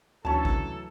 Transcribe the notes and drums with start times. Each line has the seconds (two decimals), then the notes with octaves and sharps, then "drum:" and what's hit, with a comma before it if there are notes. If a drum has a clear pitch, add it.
0.25 D2 E3 F#3 C#4 A4 A5
0.45 drum: kick A#1